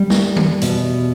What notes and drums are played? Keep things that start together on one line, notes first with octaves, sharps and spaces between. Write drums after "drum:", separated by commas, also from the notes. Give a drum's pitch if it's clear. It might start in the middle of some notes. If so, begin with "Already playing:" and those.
Already playing: G3
drum: snare
drum: tom D#3
E2 B2, drum: hi-hat